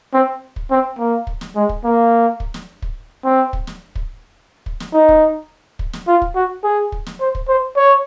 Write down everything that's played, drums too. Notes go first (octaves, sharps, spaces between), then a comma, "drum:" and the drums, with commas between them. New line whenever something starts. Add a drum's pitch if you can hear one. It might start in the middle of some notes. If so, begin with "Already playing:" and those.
C4
drum: kick
C4
A#3
drum: kick
drum: snare
G#3
drum: kick
A#3
drum: kick
drum: snare
drum: kick
C4
drum: kick
drum: snare
drum: kick
drum: kick
drum: snare
D#4
drum: kick
drum: kick
drum: snare
F4
drum: kick
F#4
G#4
drum: kick
drum: snare
C5
drum: kick
C5
C#5